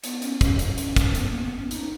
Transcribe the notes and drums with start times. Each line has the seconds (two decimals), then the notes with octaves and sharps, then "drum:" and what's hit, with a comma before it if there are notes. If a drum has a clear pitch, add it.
0.04 B3, drum: hi-hat
0.22 C#4, drum: hi-hat
0.41 C#4, drum: kick, hi-hat
0.59 drum: hi-hat
0.78 drum: hi-hat
0.96 drum: kick, hi-hat
1.15 B3, drum: hi-hat
1.29 A#3
1.43 B3
1.57 C#4
1.71 D#4, drum: hi-hat